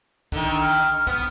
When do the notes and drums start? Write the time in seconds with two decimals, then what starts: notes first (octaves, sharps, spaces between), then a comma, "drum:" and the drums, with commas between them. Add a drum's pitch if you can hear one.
0.32 D3 D#3, drum: kick
0.61 F6
1.07 B3, drum: kick